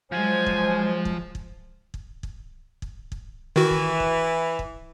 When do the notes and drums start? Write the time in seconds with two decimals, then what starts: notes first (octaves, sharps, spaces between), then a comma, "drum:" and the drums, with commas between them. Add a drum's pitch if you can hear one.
0.12 F3 F#3 G#3 C5 G#5
0.46 drum: kick
1.05 drum: kick
1.35 drum: kick
1.94 drum: kick
2.23 drum: kick
2.82 drum: kick
3.12 drum: kick
3.56 D#3 E3 F#4
3.71 drum: kick
4.00 drum: kick
4.59 drum: kick